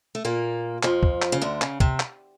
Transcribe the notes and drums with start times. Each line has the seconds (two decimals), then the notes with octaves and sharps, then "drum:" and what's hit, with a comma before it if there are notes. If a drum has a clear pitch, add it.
0.15 A3
0.25 A#2 A#3
0.83 F2 F3, drum: clap
1.03 drum: kick
1.22 drum: clap
1.32 C#3
1.42 D2 D3
1.62 C#3, drum: clap
1.80 C3, drum: kick
2.00 drum: clap